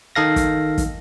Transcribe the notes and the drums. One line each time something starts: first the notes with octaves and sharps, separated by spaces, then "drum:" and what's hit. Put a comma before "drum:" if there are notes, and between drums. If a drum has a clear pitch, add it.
D#3 A4 F5 A#6
drum: kick, hi-hat
drum: kick, hi-hat